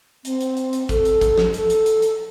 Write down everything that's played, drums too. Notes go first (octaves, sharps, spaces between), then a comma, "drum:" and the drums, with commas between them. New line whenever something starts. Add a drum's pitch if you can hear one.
C4, drum: hi-hat
drum: hi-hat
drum: hi-hat
drum: hi-hat
A4, drum: kick, hi-hat
drum: hi-hat
drum: kick, hi-hat
drum: snare
A4, drum: hi-hat
drum: hi-hat
drum: hi-hat
drum: hi-hat